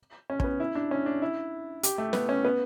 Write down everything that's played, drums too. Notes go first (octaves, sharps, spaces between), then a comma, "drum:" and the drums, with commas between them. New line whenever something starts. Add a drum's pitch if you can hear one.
C#4
C#4, drum: kick
B3
E4
D4
C#4
D4
E4
G4, drum: hi-hat
A3
B3, drum: snare
C#4
B3